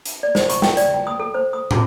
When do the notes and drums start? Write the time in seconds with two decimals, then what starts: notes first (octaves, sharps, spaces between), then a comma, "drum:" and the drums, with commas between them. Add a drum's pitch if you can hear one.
0.06 drum: hi-hat
0.23 D5
0.35 C5, drum: snare
0.50 C#6, drum: hi-hat
0.62 G5, drum: snare
0.77 D5, drum: hi-hat
0.94 G5
1.07 D#6
1.20 A4
1.34 C5
1.53 D#6
1.71 D6, drum: tom